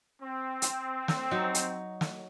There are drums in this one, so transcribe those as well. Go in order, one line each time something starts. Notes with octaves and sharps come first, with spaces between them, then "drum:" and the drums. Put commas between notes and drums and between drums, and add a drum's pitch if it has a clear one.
C4
drum: hi-hat
drum: snare
F#3 D#4
drum: hi-hat
drum: snare